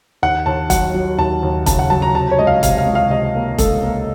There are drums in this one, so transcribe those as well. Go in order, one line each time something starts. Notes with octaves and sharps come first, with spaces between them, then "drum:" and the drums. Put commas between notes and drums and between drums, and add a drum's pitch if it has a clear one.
D#2 F#5
D#2 A5
F#3 F#5, drum: kick, hi-hat
F#3
D#2 A5
D#2
C#3 A5, drum: kick, hi-hat
F#5
F#3 A5
A#5
C3 A5
C#5
C#2 D#5
F5
C3 F5, drum: kick, hi-hat
F5
C#2
F5
C3 D#5
A#3
C#2 A4, drum: kick, hi-hat
A#3